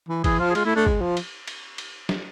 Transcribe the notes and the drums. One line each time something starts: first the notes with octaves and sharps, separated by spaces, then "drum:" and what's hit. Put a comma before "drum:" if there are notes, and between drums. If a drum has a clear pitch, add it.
E3
E3 G#4, drum: kick, cymbal
F3 F4
G#4
G#3 F4, drum: cymbal
A3 E4
A3 D4
G#3, drum: kick
F3
drum: cymbal
drum: cymbal
drum: cymbal
drum: snare